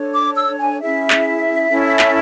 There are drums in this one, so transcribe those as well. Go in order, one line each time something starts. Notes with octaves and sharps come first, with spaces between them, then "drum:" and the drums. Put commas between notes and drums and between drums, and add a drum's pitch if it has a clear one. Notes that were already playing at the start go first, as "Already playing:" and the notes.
Already playing: D4 A4 C#5
D6
E6
G#5
C#4 E4 G#4 E5
drum: clap
C#4 E4 A4 C#5
drum: clap